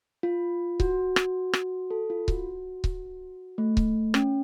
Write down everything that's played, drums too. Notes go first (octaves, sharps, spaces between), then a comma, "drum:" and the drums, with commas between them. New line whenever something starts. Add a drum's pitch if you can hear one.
F4
F#4, drum: kick C#1
drum: rim click
drum: rim click
A4
F4
F#4, drum: kick C#1
drum: kick C#1
A3
drum: kick C#1
C#4, drum: rim click